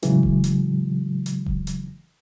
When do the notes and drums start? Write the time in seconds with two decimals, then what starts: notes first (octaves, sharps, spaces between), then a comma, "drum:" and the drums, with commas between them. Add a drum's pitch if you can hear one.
0.03 A2 C#3 E3 F#3 G#3, drum: hi-hat
0.23 drum: kick D#1
0.44 drum: hi-hat
1.26 drum: hi-hat
1.46 drum: kick D#1
1.67 drum: hi-hat